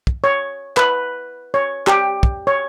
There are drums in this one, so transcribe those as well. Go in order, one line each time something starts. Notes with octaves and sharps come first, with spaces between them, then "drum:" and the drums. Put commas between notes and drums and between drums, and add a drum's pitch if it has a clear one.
drum: kick
C#5
B4, drum: clap
C#5
G4, drum: clap
drum: kick
C#5